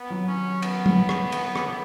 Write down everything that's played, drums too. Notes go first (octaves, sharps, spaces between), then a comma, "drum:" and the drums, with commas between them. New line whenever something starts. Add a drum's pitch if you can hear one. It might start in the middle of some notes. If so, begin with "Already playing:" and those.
Already playing: B3
F#3
C#4
B3, drum: cymbal
drum: tom
drum: rim click
drum: cymbal
drum: rim click